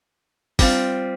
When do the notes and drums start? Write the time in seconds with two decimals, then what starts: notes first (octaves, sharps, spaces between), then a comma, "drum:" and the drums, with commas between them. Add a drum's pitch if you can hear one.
0.59 G3 C4 F4, drum: kick, open hi-hat